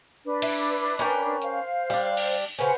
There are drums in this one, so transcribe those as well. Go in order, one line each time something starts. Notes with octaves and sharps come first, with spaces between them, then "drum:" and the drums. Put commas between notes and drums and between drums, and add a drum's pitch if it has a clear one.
D4 B4
E4, drum: cymbal
C#4 A#4 G5
C5 F5, drum: tambourine
G3 D4
drum: cymbal
C#3 C#4 B4 C5 F#5